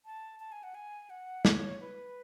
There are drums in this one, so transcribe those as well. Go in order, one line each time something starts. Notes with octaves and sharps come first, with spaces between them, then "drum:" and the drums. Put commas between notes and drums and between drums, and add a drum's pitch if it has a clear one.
A5
A5
G#5
F#5
G#5
F#5
C#5, drum: snare
B4